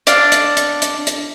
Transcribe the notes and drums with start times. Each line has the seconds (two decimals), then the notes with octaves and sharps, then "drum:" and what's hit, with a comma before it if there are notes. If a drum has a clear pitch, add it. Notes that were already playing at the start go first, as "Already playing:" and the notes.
0.07 D4 F5, drum: hi-hat
0.32 drum: hi-hat
0.57 drum: hi-hat
0.82 drum: hi-hat
1.07 drum: hi-hat